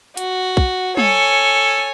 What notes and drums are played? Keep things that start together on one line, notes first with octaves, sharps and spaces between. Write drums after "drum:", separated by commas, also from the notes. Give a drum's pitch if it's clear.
F#4, drum: hi-hat
drum: kick
A4 C#5 G#5, drum: tom